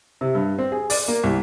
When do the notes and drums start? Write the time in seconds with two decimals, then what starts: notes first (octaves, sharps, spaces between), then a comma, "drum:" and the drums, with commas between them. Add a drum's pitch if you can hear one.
0.21 C3
0.35 G2
0.59 C4
0.72 G#4
0.90 D5, drum: open hi-hat
1.08 A#3
1.24 C2